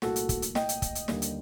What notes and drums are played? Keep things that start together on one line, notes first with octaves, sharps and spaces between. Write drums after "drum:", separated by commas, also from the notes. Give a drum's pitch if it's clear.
C2 A#2 A3 F#4 A4, drum: snare
drum: hi-hat
drum: kick, hi-hat
drum: hi-hat
D#5 G5, drum: snare
drum: hi-hat
drum: kick, hi-hat
drum: hi-hat
D#2 D3 G3 A#3, drum: snare
drum: hi-hat